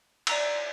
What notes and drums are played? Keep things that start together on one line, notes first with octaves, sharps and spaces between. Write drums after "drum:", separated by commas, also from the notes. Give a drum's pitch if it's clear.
D5 A#5 E6, drum: cymbal